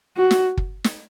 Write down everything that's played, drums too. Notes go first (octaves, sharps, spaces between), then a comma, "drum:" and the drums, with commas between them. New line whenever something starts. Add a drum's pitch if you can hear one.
F#4
drum: snare
drum: kick
drum: snare